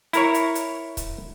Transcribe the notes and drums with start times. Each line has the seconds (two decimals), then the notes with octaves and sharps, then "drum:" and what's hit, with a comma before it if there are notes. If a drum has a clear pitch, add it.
0.13 E4 A#4 C#5, drum: hi-hat
0.34 drum: hi-hat
0.55 drum: hi-hat
0.97 drum: kick C#1, hi-hat